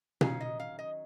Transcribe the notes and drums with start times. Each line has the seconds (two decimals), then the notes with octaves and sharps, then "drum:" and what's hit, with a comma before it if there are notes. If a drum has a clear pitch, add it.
0.21 D#3 F#3 C#4 F5, drum: tom B2
0.40 D#5
0.60 F5
0.79 D#5